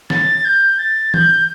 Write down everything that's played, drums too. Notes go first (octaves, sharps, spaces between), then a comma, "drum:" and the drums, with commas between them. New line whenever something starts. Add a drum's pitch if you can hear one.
A6, drum: snare
G6
A6
G6, drum: tom E3